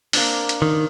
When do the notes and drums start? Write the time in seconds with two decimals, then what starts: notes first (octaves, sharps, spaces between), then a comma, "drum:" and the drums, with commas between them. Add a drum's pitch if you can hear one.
0.13 A#3 C4 D4, drum: open hi-hat
0.49 drum: hi-hat
0.62 D#3